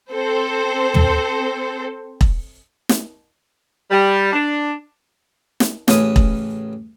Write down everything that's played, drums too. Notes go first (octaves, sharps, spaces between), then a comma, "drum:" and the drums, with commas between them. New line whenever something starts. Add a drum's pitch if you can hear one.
C4 A4 C5
drum: tom
drum: kick E1
drum: snare
G3
D4
drum: snare
A1 C#3 A#4 B4 C#5 D#6, drum: snare
drum: kick E1